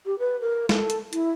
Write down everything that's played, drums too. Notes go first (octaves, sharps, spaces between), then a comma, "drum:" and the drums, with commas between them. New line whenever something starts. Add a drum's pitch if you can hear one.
G4
B4
A#4
A4, drum: snare
drum: hi-hat
E4, drum: hi-hat